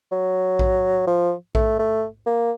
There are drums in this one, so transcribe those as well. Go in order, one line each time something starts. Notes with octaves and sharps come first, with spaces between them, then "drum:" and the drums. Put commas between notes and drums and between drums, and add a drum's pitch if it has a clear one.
F#3
drum: kick A#1
F3
A3, drum: kick A#1
A3
A#3